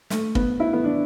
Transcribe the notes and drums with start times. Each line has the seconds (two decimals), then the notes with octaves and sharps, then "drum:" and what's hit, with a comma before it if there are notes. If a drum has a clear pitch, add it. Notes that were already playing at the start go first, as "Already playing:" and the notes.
0.10 A3, drum: snare
0.35 B3, drum: kick
0.60 E4
0.73 B3
0.84 D4